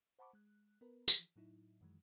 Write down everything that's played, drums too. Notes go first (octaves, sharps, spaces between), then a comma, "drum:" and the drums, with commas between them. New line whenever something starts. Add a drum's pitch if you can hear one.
C5 F#5 A5 B5 C#6 D6
G#3 F#6
B3 A#4 B4
E3 F3, drum: tambourine
A2 F#3 D#4 E4
F#2 D#3 E3 F#3 G#3